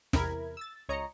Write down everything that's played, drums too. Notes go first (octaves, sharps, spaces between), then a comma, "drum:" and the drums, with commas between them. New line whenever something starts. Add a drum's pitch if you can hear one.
E2 C3 E4 A#4 B5 G#6, drum: snare
E6 A6
C#2 C#5 D#5 A#5 C#7